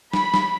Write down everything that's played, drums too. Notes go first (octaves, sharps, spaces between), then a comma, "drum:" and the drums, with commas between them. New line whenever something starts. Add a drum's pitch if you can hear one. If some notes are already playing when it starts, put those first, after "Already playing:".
B5, drum: snare
drum: snare